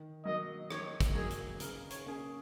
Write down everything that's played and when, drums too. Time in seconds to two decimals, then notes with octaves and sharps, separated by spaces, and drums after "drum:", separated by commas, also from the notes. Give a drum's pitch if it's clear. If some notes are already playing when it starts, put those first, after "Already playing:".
Already playing: D#3
0.25 F#3 A#3 D#4 D#5
0.70 D#3 C#5, drum: rim click
1.00 drum: kick, hi-hat
1.15 F#3 A#3 D#4 G#4
1.30 drum: hi-hat
1.60 C#3 A#4, drum: hi-hat
1.90 C#5, drum: hi-hat
2.06 A#3 C#4 G#4